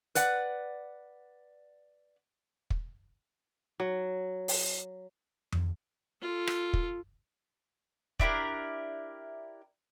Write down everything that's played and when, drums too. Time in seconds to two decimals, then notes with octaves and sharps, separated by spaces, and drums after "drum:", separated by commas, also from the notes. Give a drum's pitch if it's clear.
0.15 B4 D5 F#5, drum: hi-hat
2.70 drum: kick
3.80 F#3
4.48 drum: open hi-hat
5.52 drum: tom F2
6.22 F4 A4
6.47 drum: rim click
6.73 drum: kick
8.20 D4 E4 G4 A#4, drum: kick